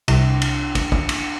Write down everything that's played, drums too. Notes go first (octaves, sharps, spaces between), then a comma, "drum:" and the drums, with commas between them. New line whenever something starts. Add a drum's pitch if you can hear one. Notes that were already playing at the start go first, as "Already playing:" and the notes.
C2 C3, drum: cymbal
drum: cymbal
drum: kick, cymbal
drum: kick
drum: cymbal